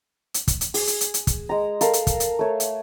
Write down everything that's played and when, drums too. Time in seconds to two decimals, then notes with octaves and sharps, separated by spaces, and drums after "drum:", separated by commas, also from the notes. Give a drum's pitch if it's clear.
0.34 drum: hi-hat
0.48 drum: kick, hi-hat
0.61 drum: hi-hat
0.74 G#4, drum: open hi-hat
0.87 drum: hi-hat
1.01 drum: hi-hat
1.14 drum: hi-hat
1.27 drum: kick, hi-hat
1.49 G#3 A#5
1.81 A4 A#4 F5, drum: hi-hat
1.93 drum: hi-hat
2.07 drum: kick, hi-hat
2.20 drum: hi-hat
2.39 A3 C#5
2.60 drum: hi-hat